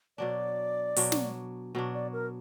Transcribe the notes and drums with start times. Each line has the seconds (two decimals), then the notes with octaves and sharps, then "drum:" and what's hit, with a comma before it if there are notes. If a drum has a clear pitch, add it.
0.18 B2 F#3 D4 D5
0.96 B2 F#3 D4, drum: open hi-hat
1.12 drum: snare
1.75 B2 F#3 D4
1.94 D5
2.13 A#4